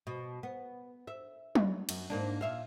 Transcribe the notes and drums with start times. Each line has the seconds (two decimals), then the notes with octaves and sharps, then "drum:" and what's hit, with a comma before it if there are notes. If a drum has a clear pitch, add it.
0.07 B2
0.43 B3
1.07 E5
1.55 drum: tom F#3
1.89 F#2, drum: cymbal
2.10 G#2 A#3 D4
2.41 A#2 E5 F5